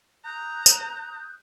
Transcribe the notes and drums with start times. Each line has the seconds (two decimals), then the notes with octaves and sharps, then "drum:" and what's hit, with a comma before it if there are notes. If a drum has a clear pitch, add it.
0.25 A#5 D#6 F#6 G6
0.66 drum: tambourine